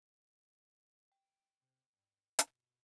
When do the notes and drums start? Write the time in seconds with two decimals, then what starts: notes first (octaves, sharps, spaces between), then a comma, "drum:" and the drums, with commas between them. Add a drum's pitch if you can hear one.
1.12 G5
1.59 C3
1.90 G2
2.39 B2, drum: hi-hat